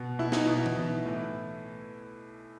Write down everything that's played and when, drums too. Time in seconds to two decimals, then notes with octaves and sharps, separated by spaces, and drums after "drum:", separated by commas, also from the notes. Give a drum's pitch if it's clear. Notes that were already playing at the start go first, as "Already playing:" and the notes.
Already playing: B2
0.19 B2 E4
0.32 D#4, drum: snare
0.45 B2 E4
0.66 drum: tom E3
0.76 B2
1.05 A2 E3